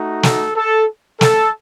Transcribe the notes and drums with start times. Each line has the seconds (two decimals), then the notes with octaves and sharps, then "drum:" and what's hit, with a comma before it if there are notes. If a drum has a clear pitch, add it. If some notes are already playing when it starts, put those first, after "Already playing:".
Already playing: A3 D#4 F#4
0.23 A4, drum: snare
0.56 A4
1.21 A4, drum: snare